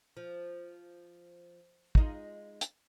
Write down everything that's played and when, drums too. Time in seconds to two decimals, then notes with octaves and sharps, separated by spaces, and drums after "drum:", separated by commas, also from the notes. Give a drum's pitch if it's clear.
0.17 F3
1.95 G#3 D#4 F4, drum: kick
2.61 drum: hi-hat